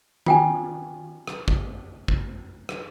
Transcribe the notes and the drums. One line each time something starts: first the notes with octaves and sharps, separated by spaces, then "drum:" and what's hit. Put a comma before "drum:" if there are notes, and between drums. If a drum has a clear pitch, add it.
F4 G5 G#5, drum: tom D#3
drum: rim click
drum: kick
drum: kick
drum: rim click